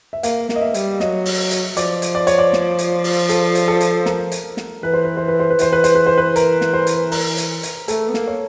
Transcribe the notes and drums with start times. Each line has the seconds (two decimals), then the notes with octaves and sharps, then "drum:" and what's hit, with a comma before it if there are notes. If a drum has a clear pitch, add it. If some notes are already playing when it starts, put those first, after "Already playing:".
0.13 E5
0.23 A#3 F5, drum: hi-hat
0.49 A#3, drum: snare
0.56 D#5
0.61 E5
0.74 G3, drum: hi-hat
1.00 F#3 D#5, drum: snare
1.25 drum: open hi-hat
1.51 drum: hi-hat
1.77 F3 D5, drum: hi-hat
2.02 drum: hi-hat
2.15 D5
2.27 C#5, drum: hi-hat
2.39 D5
2.53 drum: snare
2.79 drum: hi-hat
3.04 drum: open hi-hat
3.29 A4, drum: hi-hat
3.55 drum: hi-hat
3.68 A4
3.81 drum: hi-hat
4.06 A#4, drum: snare
4.32 drum: hi-hat
4.57 drum: snare
4.83 E3 B4
4.94 C5
5.05 B4
5.17 C5
5.28 B4
5.40 C5
5.50 B4
5.59 E3 C5, drum: hi-hat
5.73 B4
5.84 C5, drum: hi-hat
5.95 B4
6.07 C5
6.18 B4
6.36 A#4, drum: hi-hat
6.61 drum: snare
6.74 C5
6.87 drum: hi-hat
7.12 A#4, drum: open hi-hat
7.38 drum: hi-hat
7.63 drum: hi-hat
7.88 A3 A4, drum: hi-hat
8.09 B3
8.14 A#3, drum: snare
8.28 C#5